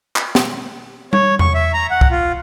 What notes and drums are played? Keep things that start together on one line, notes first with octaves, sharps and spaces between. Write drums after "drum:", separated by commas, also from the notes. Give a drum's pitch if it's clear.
drum: clap
drum: snare
C#5, drum: tom G3
C#6, drum: tom E2
E5
A#5
F#5
drum: kick
F4